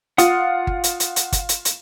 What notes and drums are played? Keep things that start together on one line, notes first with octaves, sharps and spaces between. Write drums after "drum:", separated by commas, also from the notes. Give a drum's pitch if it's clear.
F4 F#5 D#6, drum: hi-hat
drum: kick G1
drum: hi-hat
drum: hi-hat
drum: hi-hat
drum: kick G1, hi-hat
drum: hi-hat
drum: hi-hat